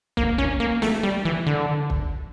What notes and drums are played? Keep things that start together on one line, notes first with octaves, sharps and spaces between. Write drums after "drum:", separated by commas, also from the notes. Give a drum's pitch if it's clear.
A#3, drum: kick
C#4, drum: kick
A#3
A3, drum: snare
G3
E3
D3
drum: kick